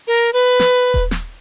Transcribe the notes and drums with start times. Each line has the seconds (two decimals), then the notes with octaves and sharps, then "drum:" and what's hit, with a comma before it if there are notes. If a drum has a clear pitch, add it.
0.07 A#4
0.33 B4
0.60 drum: snare
0.94 drum: kick D#1
1.11 drum: snare